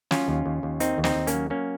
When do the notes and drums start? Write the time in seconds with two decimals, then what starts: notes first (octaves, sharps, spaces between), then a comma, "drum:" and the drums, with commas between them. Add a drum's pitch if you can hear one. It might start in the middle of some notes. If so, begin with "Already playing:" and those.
0.11 F#3 C#4 F4, drum: snare
0.28 D#2
0.46 D#2
0.63 D#2
0.80 D#3 C4 D#4, drum: hi-hat
0.98 D#2
1.04 C4 D#4, drum: snare
1.15 D#2
1.27 A#3 C#4, drum: hi-hat
1.33 F#3
1.50 F#3 A#3 C#4